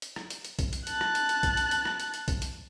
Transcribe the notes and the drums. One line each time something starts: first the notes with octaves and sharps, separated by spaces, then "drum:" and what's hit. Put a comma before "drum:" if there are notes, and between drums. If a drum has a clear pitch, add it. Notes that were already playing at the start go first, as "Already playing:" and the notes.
drum: hi-hat
drum: rim click
drum: hi-hat
drum: hi-hat
drum: kick B1, hi-hat
drum: hi-hat
A5 F#6, drum: hi-hat
drum: rim click
drum: hi-hat
drum: hi-hat
drum: kick B1, hi-hat
drum: hi-hat
drum: hi-hat
drum: rim click
drum: hi-hat
drum: hi-hat
drum: kick B1, hi-hat
drum: hi-hat